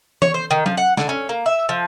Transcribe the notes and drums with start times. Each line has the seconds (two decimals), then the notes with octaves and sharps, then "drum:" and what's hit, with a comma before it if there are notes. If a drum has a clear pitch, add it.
0.22 C#5, drum: tom E3
0.34 C5
0.51 D#3
0.66 F3, drum: tom F#3
0.77 F#5
0.97 D3, drum: snare
1.09 C#4
1.29 A#3
1.46 E5
1.69 F3